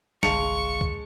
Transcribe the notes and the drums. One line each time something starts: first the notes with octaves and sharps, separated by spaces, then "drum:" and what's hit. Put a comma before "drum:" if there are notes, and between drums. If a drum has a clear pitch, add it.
G1 C2 G#3 F5 A5 C#6 C#7 F7, drum: snare
drum: kick C#2